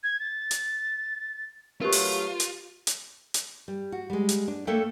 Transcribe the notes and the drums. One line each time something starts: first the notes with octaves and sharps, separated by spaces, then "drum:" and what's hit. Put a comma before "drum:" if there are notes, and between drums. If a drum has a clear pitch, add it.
G#6
A6
drum: hi-hat
F#3 A3 F4 G4 A#4 B4 F5
drum: open hi-hat
drum: hi-hat
drum: hi-hat
drum: hi-hat
G3
F#4
G3 G#3
drum: hi-hat
D4
A3 A#3 A4 D5 E5 G5